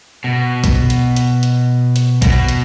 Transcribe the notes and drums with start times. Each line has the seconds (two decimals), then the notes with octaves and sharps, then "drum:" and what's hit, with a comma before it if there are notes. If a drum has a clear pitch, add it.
0.24 B2
0.64 drum: kick B1, hi-hat
0.90 drum: hi-hat
1.16 drum: hi-hat
1.43 drum: hi-hat
1.96 drum: hi-hat
2.22 B2, drum: kick B1, hi-hat
2.48 drum: hi-hat